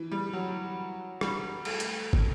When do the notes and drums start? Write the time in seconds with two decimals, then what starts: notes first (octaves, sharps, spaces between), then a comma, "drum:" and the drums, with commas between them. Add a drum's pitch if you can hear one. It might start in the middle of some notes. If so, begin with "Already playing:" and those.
Already playing: E3
0.12 G3
0.33 F#3
1.21 G3, drum: rim click
1.65 A3, drum: cymbal
1.80 drum: hi-hat
2.13 drum: kick